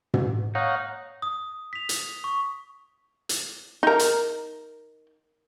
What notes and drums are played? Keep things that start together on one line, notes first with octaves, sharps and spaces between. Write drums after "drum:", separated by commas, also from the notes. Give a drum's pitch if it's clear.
drum: tom
D#4 C#5 F5 F#5
D#6
B6 F7
drum: hi-hat
C#6
drum: hi-hat
D#4 A#4
drum: hi-hat